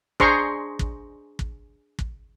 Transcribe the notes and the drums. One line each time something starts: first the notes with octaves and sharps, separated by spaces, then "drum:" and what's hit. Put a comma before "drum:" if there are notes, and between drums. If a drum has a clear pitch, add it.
D4 G#4 C5 A#5 C6 C#6, drum: kick
drum: kick
drum: kick
drum: kick